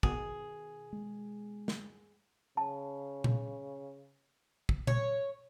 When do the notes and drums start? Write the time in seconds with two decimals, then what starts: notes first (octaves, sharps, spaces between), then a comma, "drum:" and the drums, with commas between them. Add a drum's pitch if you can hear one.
0.03 B2 D#3 B3 G#4, drum: kick
0.93 G#3
1.68 drum: snare
2.57 C#3 A5
3.24 drum: tom A#2
4.69 drum: kick
4.87 C#5, drum: tom A#2